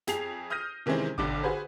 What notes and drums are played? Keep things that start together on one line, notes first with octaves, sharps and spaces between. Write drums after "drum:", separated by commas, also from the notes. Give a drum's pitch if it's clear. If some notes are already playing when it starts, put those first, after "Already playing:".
F2 G#4 C7 F7, drum: snare
D#6 F6 G6 A#6 D#7
C3 D#3 E3 G#3 C4 C#4
F1 B1 D3 D6, drum: kick G#1
F#4 G#4 B4 C5